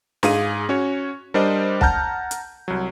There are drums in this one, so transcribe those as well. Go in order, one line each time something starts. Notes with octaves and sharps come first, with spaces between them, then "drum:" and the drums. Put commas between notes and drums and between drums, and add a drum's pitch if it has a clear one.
G#2 G#4 F5 D#7, drum: snare
C#4 F#4 C#5
G3 D4 A#4 C5 D5 D#5
F#5 A5 A#5 F6 G6, drum: kick B1
drum: hi-hat
C2 F#3